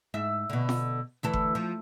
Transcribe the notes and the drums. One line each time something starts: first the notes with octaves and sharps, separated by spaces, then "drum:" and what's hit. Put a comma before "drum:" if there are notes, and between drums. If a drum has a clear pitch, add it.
G#2 E5
B2 D3
drum: snare
D2 E3 A4
drum: kick F#1
F3